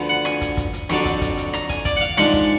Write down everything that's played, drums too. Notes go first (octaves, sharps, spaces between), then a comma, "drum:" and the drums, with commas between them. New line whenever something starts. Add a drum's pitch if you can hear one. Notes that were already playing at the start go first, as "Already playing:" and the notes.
Already playing: D2 D3 F3 B3
F#5
G#5, drum: rim click
drum: kick, hi-hat
drum: kick, hi-hat
drum: hi-hat
F2 D3 F#3 D4, drum: rim click
drum: kick, hi-hat
drum: kick, hi-hat
drum: hi-hat
A#5, drum: rim click
G#5, drum: kick, hi-hat
D5, drum: kick, hi-hat
F#5
F5, drum: hi-hat
G#2 F3 G#3 D4 F#5, drum: rim click
drum: kick, hi-hat